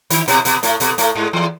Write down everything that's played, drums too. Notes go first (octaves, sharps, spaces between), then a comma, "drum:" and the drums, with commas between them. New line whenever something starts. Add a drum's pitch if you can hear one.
D#3, drum: hi-hat
B2 B3, drum: hi-hat
B2 B3, drum: hi-hat
A2 A3, drum: hi-hat
B2 B3, drum: hi-hat
A2 A3, drum: hi-hat
G#2 G#3
E2 E3